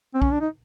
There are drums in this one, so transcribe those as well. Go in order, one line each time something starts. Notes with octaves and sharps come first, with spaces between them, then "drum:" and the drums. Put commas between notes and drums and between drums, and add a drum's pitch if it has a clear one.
C4
C#4, drum: kick
D4
D#4